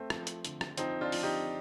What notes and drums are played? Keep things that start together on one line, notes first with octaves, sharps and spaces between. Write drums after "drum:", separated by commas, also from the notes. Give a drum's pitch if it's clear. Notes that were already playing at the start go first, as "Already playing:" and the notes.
Already playing: A3 C4
F3, drum: rim click
drum: hi-hat
D3, drum: hi-hat
drum: rim click
F3 C4 D#4, drum: hi-hat
D4 F4
F3, drum: open hi-hat
D#4 G4